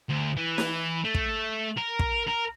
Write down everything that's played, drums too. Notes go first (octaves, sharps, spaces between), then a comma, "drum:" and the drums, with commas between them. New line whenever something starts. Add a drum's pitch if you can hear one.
D2
E3
drum: snare
A3
drum: kick
A#4
drum: kick
A#4